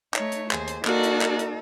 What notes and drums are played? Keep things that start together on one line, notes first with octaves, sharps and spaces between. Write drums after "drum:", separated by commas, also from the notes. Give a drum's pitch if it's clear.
A3 D#4 C#5, drum: clap
drum: hi-hat
D#2 G#4 C5, drum: clap
drum: hi-hat
A#3 D#4 F#4 A4 D5, drum: clap
drum: hi-hat
drum: clap
drum: hi-hat